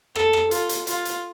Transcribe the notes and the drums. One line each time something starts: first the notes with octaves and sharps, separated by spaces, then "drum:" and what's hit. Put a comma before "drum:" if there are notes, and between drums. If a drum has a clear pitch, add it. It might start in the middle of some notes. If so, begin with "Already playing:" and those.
A4, drum: rim click
drum: rim click
F4, drum: hi-hat
drum: hi-hat
F4, drum: hi-hat
drum: hi-hat